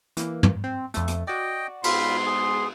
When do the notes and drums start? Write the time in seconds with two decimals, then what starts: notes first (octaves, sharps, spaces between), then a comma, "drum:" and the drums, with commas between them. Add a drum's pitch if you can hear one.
0.17 E3 A#3, drum: hi-hat
0.43 drum: tom
0.64 C4
0.94 F2 A3, drum: hi-hat
1.08 drum: hi-hat
1.27 F#4 D5 D#5 G5
1.84 G#2 B3 F4 B5 C6, drum: cymbal
2.26 G#4